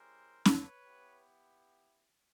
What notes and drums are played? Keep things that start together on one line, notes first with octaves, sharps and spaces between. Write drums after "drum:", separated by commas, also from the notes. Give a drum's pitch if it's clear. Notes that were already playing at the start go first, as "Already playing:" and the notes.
Already playing: G#3 C#4 E4 G4 A#4 C5
B4 C#5, drum: snare C#4
B3 E4 G4